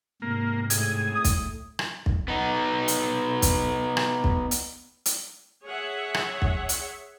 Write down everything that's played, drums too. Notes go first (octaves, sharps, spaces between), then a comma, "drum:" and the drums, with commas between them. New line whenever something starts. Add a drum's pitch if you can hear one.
G#2 C3 A#3
A2 A3 G#4, drum: hi-hat
D#6
drum: kick, hi-hat
drum: rim click
drum: kick
B3 D#4
drum: hi-hat
drum: kick, hi-hat
drum: rim click
drum: kick
drum: hi-hat
drum: hi-hat
G#4 C#5 E5 F#5
drum: rim click
drum: kick
drum: hi-hat